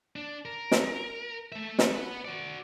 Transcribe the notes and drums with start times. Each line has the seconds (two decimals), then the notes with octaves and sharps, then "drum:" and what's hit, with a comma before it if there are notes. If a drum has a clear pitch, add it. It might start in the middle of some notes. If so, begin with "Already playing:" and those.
0.16 D4
0.45 A#4
0.71 drum: snare
1.52 A3 E5
1.79 drum: snare
1.94 B4 F#5
2.25 F#4 D5